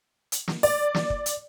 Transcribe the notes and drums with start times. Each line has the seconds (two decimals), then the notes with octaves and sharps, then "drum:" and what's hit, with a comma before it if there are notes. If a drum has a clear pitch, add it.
0.32 drum: hi-hat
0.48 drum: snare
0.63 D5, drum: open hi-hat
0.94 drum: snare
1.10 drum: kick
1.26 drum: hi-hat